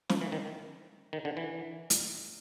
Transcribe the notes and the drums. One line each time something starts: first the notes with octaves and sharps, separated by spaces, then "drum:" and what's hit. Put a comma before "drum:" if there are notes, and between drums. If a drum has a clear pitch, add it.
F3, drum: snare
E3
D#3
D#3
D3
E3
drum: hi-hat